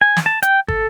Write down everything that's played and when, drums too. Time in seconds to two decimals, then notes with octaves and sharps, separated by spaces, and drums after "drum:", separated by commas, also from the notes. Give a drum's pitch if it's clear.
0.01 G#5
0.17 drum: snare
0.26 A5
0.43 G5, drum: hi-hat
0.68 A4, drum: kick